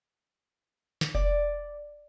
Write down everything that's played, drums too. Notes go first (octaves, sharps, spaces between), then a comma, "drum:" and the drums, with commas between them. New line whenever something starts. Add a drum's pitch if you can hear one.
drum: snare
D5, drum: kick F1